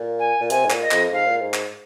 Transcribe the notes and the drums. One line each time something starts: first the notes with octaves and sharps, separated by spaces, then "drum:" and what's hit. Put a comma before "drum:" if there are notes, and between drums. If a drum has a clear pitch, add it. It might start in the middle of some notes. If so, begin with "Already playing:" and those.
Already playing: A#2
G#5
A#2
C3 G#5, drum: hi-hat
G#2
A#2, drum: clap
D#5
F2, drum: clap
G#2 F5
A#2
G#2
drum: clap